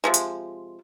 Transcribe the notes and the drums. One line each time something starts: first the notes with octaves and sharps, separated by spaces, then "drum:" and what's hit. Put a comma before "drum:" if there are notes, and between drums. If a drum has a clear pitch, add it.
C3 F3 G#3
drum: hi-hat